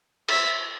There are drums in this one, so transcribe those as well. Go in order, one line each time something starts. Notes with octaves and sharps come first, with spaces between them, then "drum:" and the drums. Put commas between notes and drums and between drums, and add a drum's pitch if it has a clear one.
E5, drum: cymbal